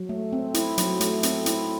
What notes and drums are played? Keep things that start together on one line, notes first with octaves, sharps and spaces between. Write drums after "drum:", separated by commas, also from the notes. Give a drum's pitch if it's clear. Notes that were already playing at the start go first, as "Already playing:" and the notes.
Already playing: F#3
A3
C4
E4, drum: hi-hat
F#3, drum: hi-hat
A3, drum: hi-hat
C4, drum: hi-hat
E4, drum: hi-hat